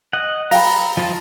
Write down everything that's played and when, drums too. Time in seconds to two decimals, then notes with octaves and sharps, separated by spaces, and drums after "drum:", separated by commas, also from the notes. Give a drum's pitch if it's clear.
0.13 D#5 F#5
0.51 F5 G5 A#5 B5, drum: open hi-hat
0.97 F3 F4 D#5 A5